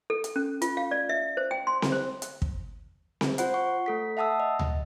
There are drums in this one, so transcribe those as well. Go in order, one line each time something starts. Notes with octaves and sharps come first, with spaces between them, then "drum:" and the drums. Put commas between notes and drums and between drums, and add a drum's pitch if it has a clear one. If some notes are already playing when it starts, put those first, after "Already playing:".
A4
drum: hi-hat
C#4
F4, drum: hi-hat
F5
D5
E5
C5
G5
C6
drum: snare C4
C5
drum: hi-hat
drum: kick
drum: snare C4
F4 C5 F#5, drum: hi-hat
F#5 C#6
A3 A4 B6
E5 F#5 A5 D#6 E6
D#5
drum: tom D2